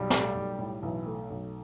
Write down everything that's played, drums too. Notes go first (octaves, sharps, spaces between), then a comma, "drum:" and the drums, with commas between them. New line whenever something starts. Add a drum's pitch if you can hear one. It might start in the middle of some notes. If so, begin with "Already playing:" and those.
Already playing: B1 G3
A3, drum: snare
B1
A2
B1 E3
A3
B1